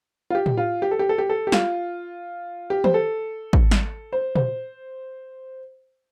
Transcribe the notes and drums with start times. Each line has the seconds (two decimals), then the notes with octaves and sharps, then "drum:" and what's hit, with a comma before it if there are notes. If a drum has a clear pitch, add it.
0.30 F4
0.35 G4
0.46 drum: tom
0.57 F4
0.82 G4
0.91 A4
0.99 G4
1.09 A4
1.18 G4
1.29 A4
1.47 G4
1.52 F4, drum: snare
2.70 G4
2.84 C5, drum: tom
2.94 A4
3.53 drum: kick
3.71 drum: snare
4.12 C5
4.35 C5, drum: tom A#2